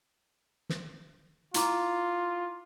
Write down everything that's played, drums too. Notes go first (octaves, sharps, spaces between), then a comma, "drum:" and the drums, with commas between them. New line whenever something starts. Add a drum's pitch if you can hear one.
drum: snare
E4 F4 A#5 D6, drum: hi-hat